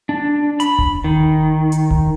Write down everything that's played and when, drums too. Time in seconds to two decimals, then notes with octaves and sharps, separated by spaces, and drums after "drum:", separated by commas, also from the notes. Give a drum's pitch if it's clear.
0.09 D4
0.60 B5, drum: hi-hat
0.79 drum: kick D#1
1.04 D#3
1.72 drum: hi-hat
1.91 drum: kick D#1